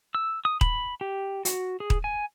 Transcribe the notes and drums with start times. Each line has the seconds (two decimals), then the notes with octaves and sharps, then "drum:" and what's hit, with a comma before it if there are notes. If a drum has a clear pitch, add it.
0.15 E6
0.45 D#6
0.61 B5, drum: kick D#1
1.01 G4
1.45 F#4, drum: hi-hat
1.80 G#4
1.90 drum: kick D#1
2.04 G#5